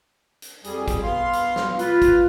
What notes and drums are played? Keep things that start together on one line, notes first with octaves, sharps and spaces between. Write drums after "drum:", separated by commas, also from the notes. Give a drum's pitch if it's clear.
drum: hi-hat
F2 G3 G#4, drum: hi-hat
drum: kick, hi-hat
B3 F5 C6
drum: hi-hat
drum: snare
F4 B4, drum: hi-hat
drum: kick, hi-hat